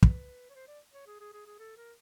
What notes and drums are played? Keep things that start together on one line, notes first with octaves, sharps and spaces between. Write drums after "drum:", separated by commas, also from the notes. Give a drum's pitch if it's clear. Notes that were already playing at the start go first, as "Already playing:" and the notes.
B4, drum: kick
C#5
C5
D5
C#5
G#4
G#4
G#4
G#4
A4
A#4